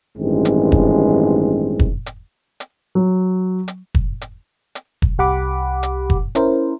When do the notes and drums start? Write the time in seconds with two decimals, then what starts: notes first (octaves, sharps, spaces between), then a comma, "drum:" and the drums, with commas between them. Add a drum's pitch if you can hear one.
0.18 A1 G2 D#3 G#3 C4
0.45 drum: hi-hat
0.72 drum: kick
1.79 drum: kick
2.06 drum: hi-hat
2.60 drum: hi-hat
2.95 F#3
3.68 drum: hi-hat
3.95 drum: kick
4.21 drum: hi-hat
4.75 drum: hi-hat
5.02 drum: kick
5.18 C2 G4 F#5 B5 D6
5.83 drum: hi-hat
6.10 drum: kick
6.35 C#4 E4 A#4 C5, drum: hi-hat